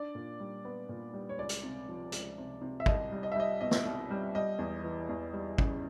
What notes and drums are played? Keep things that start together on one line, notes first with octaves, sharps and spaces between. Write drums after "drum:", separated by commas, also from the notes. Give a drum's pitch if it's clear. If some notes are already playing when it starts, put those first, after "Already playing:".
Already playing: D4 D5
A#2
G3
B3
A#2
G3
C#5
C#2 D5
drum: hi-hat
C3
F3
C#2, drum: hi-hat
C3
C3
E5
C2 D#5, drum: kick
G3
D#5
E5
G3 D#5
B2 D#5
drum: snare
C2
G3
G3 D#5
E2
E3
E2
G3
C#3, drum: kick